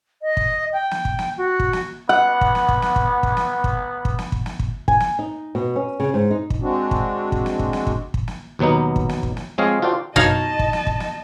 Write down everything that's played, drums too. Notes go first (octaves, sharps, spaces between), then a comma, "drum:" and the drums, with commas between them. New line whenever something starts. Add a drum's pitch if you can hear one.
D#5
drum: kick
G5
drum: snare
drum: kick
drum: snare
F#4
drum: kick
drum: snare
B3 F#5
drum: kick
drum: snare
drum: kick
drum: snare
drum: kick
drum: kick
drum: snare
drum: kick
drum: kick
drum: snare
drum: kick
drum: snare
drum: kick
G#5, drum: kick
drum: snare
D#4
B2
C#4
C#3
G#2
D#4
drum: kick
G#3 C4 D4 F#4
drum: kick
drum: kick
drum: snare
drum: kick
drum: snare
drum: kick
drum: kick
drum: snare
D#2 B2 F#3 B3 D#4
drum: kick
drum: snare
drum: kick
drum: snare
F3 G#3 C4 C#5 D#5 F5
F4 F#4 A4 C5 D5 G5
F#2 B2 D#4 C#5 D#5 F5 A5, drum: kick
drum: kick
drum: snare
drum: kick
drum: snare